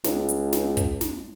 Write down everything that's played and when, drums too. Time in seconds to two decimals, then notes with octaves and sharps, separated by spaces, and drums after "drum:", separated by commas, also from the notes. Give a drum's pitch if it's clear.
0.04 C#2, drum: snare
0.29 drum: hi-hat
0.53 drum: snare
0.77 drum: kick, hi-hat
1.01 drum: snare